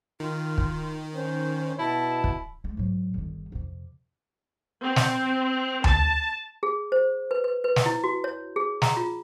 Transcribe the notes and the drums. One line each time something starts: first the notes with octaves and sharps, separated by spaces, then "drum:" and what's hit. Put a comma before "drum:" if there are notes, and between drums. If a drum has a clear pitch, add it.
D#3 F4
drum: kick
C#4 C5
B2 E4 A5
drum: kick
G#3 A3
G#2 F#3
G1 D#3
F2 C3
C4
drum: snare
A5, drum: tom D2
G#4
C5
B4
B4
B4
drum: snare
E4
F#4
C#5
G#4
A#5, drum: snare
F4